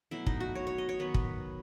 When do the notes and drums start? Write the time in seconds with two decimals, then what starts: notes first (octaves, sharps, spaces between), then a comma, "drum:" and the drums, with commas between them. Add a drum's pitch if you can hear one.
0.11 B2 F#3 A3 E4
0.26 D#4, drum: kick
0.40 F#4
0.55 C#5
0.67 C#5
0.78 D#5
0.89 C#5
0.99 D#3 F#3 B3 B4
1.14 drum: kick